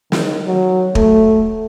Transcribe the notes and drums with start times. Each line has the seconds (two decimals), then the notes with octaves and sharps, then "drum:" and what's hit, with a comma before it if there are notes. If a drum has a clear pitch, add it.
0.12 D#3, drum: snare
0.46 F#3
0.95 A3, drum: kick